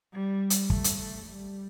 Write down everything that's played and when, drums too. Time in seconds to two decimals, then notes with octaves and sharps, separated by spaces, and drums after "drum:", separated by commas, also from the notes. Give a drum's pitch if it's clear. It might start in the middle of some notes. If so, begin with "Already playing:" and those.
0.13 G3
0.50 drum: hi-hat
0.70 A3, drum: kick
0.84 drum: hi-hat
0.98 A3
1.27 G3